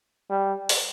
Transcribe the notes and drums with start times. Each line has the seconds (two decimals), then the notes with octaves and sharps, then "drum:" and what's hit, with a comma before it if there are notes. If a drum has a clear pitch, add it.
0.30 G3
0.69 drum: open hi-hat